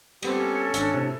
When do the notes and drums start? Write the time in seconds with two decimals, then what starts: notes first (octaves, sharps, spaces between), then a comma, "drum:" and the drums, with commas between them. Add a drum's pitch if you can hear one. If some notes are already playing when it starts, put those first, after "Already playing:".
0.22 F2 G3 B3 C4 G4 A4, drum: cymbal
0.38 C#4 C#5
0.74 G#1 D4, drum: hi-hat
0.93 A2 C3